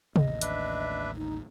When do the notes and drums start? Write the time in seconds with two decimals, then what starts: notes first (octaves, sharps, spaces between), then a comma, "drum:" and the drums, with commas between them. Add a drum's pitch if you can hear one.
0.16 A1 D#2 D#5, drum: tom C3
0.41 D4 B4 E5, drum: hi-hat
1.15 D#4